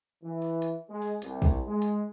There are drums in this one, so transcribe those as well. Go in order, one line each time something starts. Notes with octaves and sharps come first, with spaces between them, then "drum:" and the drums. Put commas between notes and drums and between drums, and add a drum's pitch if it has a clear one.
E3
drum: open hi-hat
drum: hi-hat
G#3
drum: open hi-hat
C2, drum: hi-hat
drum: kick, open hi-hat
G#3
drum: hi-hat